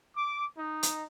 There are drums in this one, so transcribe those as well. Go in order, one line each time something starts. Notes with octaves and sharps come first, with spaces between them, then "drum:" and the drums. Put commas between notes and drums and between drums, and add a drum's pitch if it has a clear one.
D6
D#4
drum: hi-hat